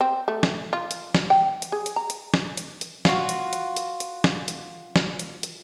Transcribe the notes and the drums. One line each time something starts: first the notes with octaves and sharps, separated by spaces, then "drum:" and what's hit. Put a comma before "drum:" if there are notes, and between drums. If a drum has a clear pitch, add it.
C4
A3
drum: snare
F4
drum: hi-hat
drum: snare
G5
drum: hi-hat
G#4
drum: hi-hat
A#5
drum: hi-hat
drum: snare
drum: hi-hat
drum: hi-hat
F4 F#4, drum: snare
drum: hi-hat
drum: hi-hat
drum: hi-hat
drum: hi-hat
drum: snare
drum: hi-hat
drum: snare
drum: hi-hat
drum: hi-hat